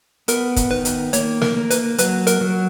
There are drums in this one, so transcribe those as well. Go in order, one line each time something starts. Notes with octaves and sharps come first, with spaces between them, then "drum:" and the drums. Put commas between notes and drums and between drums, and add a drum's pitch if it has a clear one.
B3 A#4, drum: hi-hat
drum: kick, hi-hat
D#3 B4
drum: hi-hat
A#3 C#5, drum: hi-hat
A#4, drum: snare
A#3
B4, drum: hi-hat
F#3 B4, drum: hi-hat
A#4, drum: hi-hat
F#3